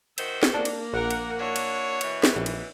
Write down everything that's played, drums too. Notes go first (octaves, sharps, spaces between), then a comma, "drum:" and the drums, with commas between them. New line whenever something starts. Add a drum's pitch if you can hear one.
D#3 F#4 C5 E5, drum: cymbal
drum: snare
A#3 D4
drum: cymbal
A#1 A#4 F#5
drum: cymbal
D4 E4 F#4 C#5
drum: cymbal
B2 E3, drum: cymbal
drum: snare
A#1
drum: cymbal